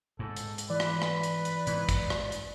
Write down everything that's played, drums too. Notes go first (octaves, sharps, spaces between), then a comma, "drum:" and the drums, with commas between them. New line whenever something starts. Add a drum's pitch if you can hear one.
G#2 A4
drum: hi-hat
drum: hi-hat
E3 B4 D5
drum: rim click
drum: rim click
drum: hi-hat
drum: hi-hat
G#2, drum: hi-hat
drum: kick, hi-hat
drum: rim click
drum: hi-hat